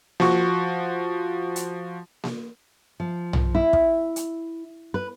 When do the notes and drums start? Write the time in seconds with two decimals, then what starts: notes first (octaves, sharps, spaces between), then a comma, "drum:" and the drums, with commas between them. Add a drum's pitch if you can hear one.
0.20 F3 F#4 C#6, drum: snare A#3
1.56 drum: hi-hat
2.24 drum: snare A#3
3.00 F3
3.33 drum: tom
3.55 E4
3.73 drum: kick
4.16 drum: hi-hat
4.94 B4